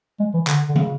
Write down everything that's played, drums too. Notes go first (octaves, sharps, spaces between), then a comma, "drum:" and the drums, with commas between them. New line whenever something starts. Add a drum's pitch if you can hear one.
G#3
E3
D3, drum: clap
D3
C#3, drum: tom